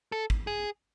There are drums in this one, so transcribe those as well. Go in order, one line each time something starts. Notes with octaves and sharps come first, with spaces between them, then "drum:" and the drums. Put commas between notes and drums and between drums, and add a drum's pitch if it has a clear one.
A4
drum: kick
G#4